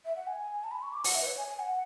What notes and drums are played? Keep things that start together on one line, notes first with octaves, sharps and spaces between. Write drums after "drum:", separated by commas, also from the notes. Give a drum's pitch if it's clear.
E5
F#5
G#5
A5
B5
C#6
D6
F#5, drum: open hi-hat
E5
B4
C#5
G#5
G#5
F#5